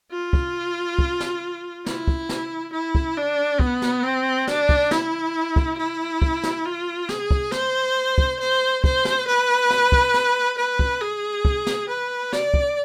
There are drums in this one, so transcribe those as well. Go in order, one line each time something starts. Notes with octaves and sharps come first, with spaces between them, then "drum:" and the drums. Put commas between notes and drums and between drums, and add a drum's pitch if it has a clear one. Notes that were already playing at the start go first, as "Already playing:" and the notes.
F4
drum: kick
drum: kick
drum: snare
E4, drum: snare
drum: kick
drum: snare
E4
drum: kick
D4
B3, drum: kick
drum: snare
C4
D4, drum: snare
drum: kick
E4, drum: snare
drum: kick
E4
drum: kick
drum: snare
F4
G#4, drum: snare
drum: kick
C5, drum: snare
drum: kick
C5
C5, drum: kick
drum: snare
B4
drum: snare
drum: kick
drum: snare
B4
drum: kick
G#4
drum: kick
drum: snare
B4
D5, drum: snare
drum: kick